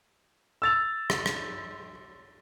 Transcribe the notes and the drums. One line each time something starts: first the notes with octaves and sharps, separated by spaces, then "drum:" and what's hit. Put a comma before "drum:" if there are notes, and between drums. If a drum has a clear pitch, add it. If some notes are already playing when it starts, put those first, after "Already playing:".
E6 A6 F7
drum: rim click
drum: rim click